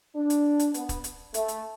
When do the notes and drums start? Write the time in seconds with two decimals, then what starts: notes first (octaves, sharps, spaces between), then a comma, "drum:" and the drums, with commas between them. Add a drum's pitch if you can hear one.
0.15 D4
0.30 drum: hi-hat
0.59 drum: hi-hat
0.74 B3, drum: hi-hat
0.89 drum: kick, hi-hat
1.04 drum: hi-hat
1.34 A3, drum: hi-hat
1.48 drum: hi-hat